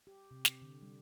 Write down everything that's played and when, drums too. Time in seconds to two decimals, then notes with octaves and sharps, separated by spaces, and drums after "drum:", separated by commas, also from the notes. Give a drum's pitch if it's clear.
0.07 G4
0.31 C3
0.45 drum: snare
0.62 D3
0.82 G3